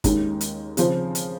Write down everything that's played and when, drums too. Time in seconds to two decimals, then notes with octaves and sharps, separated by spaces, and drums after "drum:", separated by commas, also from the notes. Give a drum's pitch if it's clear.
0.04 D#2 D#3 G#3 C#4, drum: kick G1, hi-hat
0.41 drum: hi-hat
0.77 C#3 F3 C4 F4 C5, drum: hi-hat
1.15 drum: hi-hat